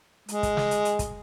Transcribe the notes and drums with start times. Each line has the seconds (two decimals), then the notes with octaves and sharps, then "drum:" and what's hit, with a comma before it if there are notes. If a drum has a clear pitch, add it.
0.28 G#3, drum: hi-hat
0.43 drum: kick, hi-hat
0.57 drum: snare
0.71 drum: hi-hat
0.85 drum: hi-hat
0.99 drum: kick, hi-hat